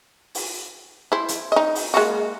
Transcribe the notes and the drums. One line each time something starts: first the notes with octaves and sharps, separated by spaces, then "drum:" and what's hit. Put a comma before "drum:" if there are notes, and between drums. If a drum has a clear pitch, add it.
drum: open hi-hat
E4 C5
drum: hi-hat
D#4 D#5
drum: open hi-hat
G#3 A#3 F#4